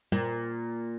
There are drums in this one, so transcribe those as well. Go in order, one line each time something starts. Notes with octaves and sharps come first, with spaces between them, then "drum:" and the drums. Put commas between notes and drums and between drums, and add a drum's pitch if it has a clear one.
A#2, drum: tom